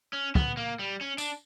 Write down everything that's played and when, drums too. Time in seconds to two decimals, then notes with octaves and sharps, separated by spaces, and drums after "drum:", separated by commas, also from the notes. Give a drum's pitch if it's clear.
0.13 C#4
0.35 B3, drum: kick
0.57 A#3
0.79 G3
1.01 C#4
1.18 D4, drum: tambourine